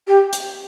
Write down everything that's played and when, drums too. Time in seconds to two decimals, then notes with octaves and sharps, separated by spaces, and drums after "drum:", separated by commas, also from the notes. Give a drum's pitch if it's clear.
0.08 G4
0.33 drum: hi-hat